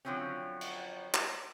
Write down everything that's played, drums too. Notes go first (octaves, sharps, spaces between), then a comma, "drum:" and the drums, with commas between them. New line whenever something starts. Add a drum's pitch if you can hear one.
D3 F3 F#3 C4 C#4
drum: cymbal
drum: clap